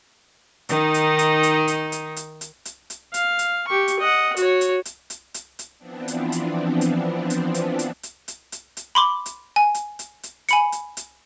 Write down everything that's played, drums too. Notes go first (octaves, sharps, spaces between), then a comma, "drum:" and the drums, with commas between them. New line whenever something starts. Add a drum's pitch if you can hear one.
D#3 D#4, drum: hi-hat
drum: hi-hat
drum: hi-hat
drum: hi-hat
drum: hi-hat
drum: hi-hat
drum: hi-hat
drum: hi-hat
drum: hi-hat
drum: hi-hat
F5, drum: hi-hat
drum: hi-hat
G4 C#6
drum: hi-hat
D#5 F#5
F#4 C#5, drum: hi-hat
drum: hi-hat
drum: hi-hat
drum: hi-hat
drum: hi-hat
drum: hi-hat
E3 F3 B3 C4 D4
drum: hi-hat
drum: hi-hat
drum: hi-hat
drum: hi-hat
drum: hi-hat
drum: hi-hat
drum: hi-hat
drum: hi-hat
drum: hi-hat
drum: hi-hat
B5 C6 D6
drum: hi-hat
G#5
drum: hi-hat
drum: hi-hat
drum: hi-hat
G#5 B5 C#7, drum: hi-hat
drum: hi-hat
drum: hi-hat